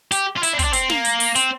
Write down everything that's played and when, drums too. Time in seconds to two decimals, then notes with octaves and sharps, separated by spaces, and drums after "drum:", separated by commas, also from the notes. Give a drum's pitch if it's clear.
0.12 G4, drum: hi-hat
0.36 F4
0.43 E4, drum: hi-hat
0.53 D4
0.59 C4, drum: kick, hi-hat
0.64 D4
0.73 C4, drum: hi-hat
0.90 A#3, drum: snare
1.05 drum: hi-hat
1.20 drum: open hi-hat
1.35 C4, drum: hi-hat